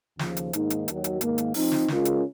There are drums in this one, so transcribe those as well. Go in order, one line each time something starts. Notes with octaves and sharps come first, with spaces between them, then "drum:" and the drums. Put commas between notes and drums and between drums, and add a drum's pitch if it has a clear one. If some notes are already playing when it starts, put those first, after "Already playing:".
D#2 C#3 F3, drum: snare
drum: hi-hat
G#2 D#3 A#3 D#4, drum: hi-hat
drum: hi-hat
D#2 D#3 F#3, drum: hi-hat
drum: hi-hat
G#2 D#3 A#3, drum: hi-hat
drum: hi-hat
F3 C4 D#4, drum: open hi-hat
drum: snare
C#3 G#3 C#4 F4 A#4, drum: snare
drum: hi-hat